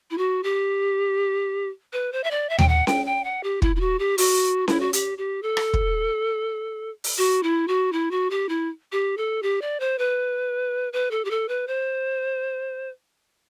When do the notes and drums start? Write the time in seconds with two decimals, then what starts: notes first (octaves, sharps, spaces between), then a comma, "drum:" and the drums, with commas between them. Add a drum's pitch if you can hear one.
0.11 E4
0.18 F#4
0.43 G4
1.93 B4
2.12 C5
2.24 E5
2.31 D5
2.49 E5
2.59 G5, drum: tom D#2
2.69 F#5
2.87 G5, drum: snare C#4
3.06 G5
3.24 F#5
3.43 G4
3.62 E4, drum: kick
3.76 E4
3.80 F#4
3.99 G4
4.18 F#4, drum: open hi-hat
4.68 E4, drum: snare C#4
4.80 F#4
4.93 G4, drum: hi-hat
5.18 G4
5.43 A4
5.57 drum: rim click
5.74 drum: kick
7.04 drum: open hi-hat
7.18 F#4
7.43 E4
7.68 F#4
7.92 E4
8.11 F#4
8.30 G4
8.49 E4
8.92 G4
9.17 A4
9.43 G4
9.62 D5
9.80 C5
9.98 B4
10.93 B4
11.11 A4
11.25 G4
11.31 A4
11.49 B4
11.67 C5